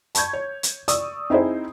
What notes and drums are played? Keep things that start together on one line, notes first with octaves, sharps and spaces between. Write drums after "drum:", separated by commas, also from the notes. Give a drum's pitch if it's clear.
A5 B5 C#6 G6 G#6, drum: hi-hat
C#5
drum: hi-hat
D5 C#6 D#6 E6, drum: hi-hat
C4 D#4 E4 G#4 C5